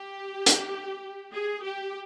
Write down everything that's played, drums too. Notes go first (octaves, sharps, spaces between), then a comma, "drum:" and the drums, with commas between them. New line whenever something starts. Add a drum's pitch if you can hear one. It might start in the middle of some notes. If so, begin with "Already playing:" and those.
Already playing: G4
drum: hi-hat
G#4
G4